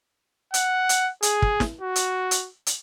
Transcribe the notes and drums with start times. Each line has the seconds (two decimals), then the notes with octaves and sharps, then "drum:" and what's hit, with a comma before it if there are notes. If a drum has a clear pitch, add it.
0.54 F#5, drum: hi-hat
0.89 drum: hi-hat
1.23 G#4, drum: hi-hat
1.42 drum: kick
1.60 drum: snare
1.81 F#4
1.96 drum: hi-hat
2.31 drum: hi-hat
2.66 drum: hi-hat